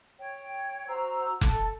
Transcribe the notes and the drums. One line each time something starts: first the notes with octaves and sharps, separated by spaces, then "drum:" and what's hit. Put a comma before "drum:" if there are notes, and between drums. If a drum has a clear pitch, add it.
C#5 G5
F#4 C5 A#5 E6
A4, drum: kick F1